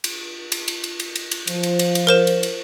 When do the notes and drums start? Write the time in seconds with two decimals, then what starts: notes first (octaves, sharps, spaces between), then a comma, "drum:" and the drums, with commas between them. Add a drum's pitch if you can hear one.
0.04 drum: cymbal
0.52 drum: cymbal
0.68 drum: cymbal
0.84 drum: cymbal
1.00 drum: cymbal
1.16 drum: cymbal
1.31 drum: cymbal
1.47 F3, drum: cymbal
1.63 drum: cymbal
1.79 drum: cymbal
1.95 drum: cymbal
2.07 A#4 C5 E7
2.27 drum: cymbal
2.43 drum: cymbal